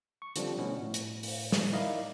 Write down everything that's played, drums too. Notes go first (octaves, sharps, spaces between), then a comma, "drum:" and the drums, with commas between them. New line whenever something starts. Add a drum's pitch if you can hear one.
C#6
D3 F3 G3 C4 D4, drum: hi-hat
B2 A3 C#4 E4 F#4
A2
drum: hi-hat
drum: open hi-hat
drum: snare
D#4 E4 A#4 D5 D#5 F5